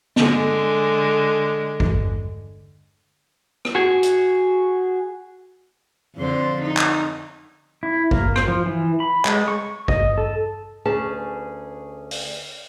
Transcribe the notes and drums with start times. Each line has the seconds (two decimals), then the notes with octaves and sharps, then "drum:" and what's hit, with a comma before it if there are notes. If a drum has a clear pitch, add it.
0.16 D3 G#3, drum: snare
1.80 drum: kick G#1
3.65 drum: rim click
3.75 F#4 G#4
4.03 drum: hi-hat
6.16 F2 D3 C5
6.62 D#4
6.77 drum: clap
7.83 E4
8.11 A#3, drum: kick G#1
8.36 C5, drum: rim click
8.48 F3
8.66 E3
9.00 B5
9.25 G#3, drum: clap
9.48 C#6
9.88 D#5, drum: kick G#1
10.18 A4
10.85 D2 C#4 G#4 B4 A5
12.11 drum: open hi-hat